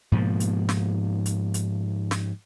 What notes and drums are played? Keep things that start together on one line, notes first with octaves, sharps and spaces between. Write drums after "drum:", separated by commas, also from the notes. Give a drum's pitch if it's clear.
G#2 B2 F3 A#3
drum: hi-hat
drum: snare
drum: hi-hat
drum: hi-hat
drum: snare